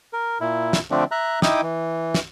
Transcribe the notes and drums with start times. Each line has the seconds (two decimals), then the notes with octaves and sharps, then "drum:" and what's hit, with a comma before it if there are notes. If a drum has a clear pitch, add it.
0.13 A#4
0.41 A#2 E4
0.73 drum: snare
0.91 D3 F3 A3 C4 D4
1.11 E5 A#5 F#6
1.42 D#4 E4 G5 D6 D#6, drum: snare
1.63 E3
2.14 drum: snare